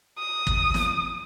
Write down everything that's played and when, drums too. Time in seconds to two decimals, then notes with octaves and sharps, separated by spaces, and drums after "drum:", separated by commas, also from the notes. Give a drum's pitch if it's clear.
0.19 D#6
0.47 drum: kick
0.74 drum: snare